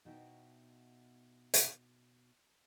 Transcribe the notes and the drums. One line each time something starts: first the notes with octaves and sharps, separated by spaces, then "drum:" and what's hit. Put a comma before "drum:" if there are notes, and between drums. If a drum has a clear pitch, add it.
B2 D#4 F#4 C5 E5 G5
drum: hi-hat